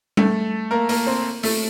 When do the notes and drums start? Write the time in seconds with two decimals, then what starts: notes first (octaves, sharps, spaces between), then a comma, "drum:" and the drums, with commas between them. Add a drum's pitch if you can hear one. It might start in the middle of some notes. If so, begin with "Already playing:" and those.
0.17 A3 A4, drum: tom G3
0.71 A#3 A#4
0.89 A#3 A#4, drum: open hi-hat
1.07 C4 C5
1.43 A3 A4, drum: open hi-hat